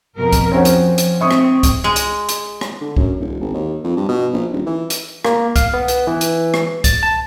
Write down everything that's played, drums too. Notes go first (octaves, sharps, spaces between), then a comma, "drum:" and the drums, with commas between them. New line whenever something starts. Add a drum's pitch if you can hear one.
F2 B2 A#4
drum: kick C2, hi-hat
F3 C4 C#4 F#4
drum: hi-hat
drum: hi-hat
C4 E5 C#6 D#6
drum: rim click
drum: kick C2, hi-hat
G#3
drum: hi-hat
drum: hi-hat
drum: rim click
D3
F#2, drum: kick C2
E1
G#1
D#2
F2
G2
B2
A#1
D#1
E3
drum: hi-hat
A#3, drum: rim click
F5, drum: kick C2, hi-hat
B3
drum: hi-hat
E3
drum: hi-hat
drum: rim click
A6, drum: kick C2, hi-hat
A5